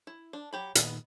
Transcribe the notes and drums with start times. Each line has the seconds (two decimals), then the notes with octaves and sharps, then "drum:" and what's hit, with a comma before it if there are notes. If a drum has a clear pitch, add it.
0.07 E4
0.33 D4
0.53 F#3 G4 B5
0.75 A#2 D#3 B3 D#5, drum: hi-hat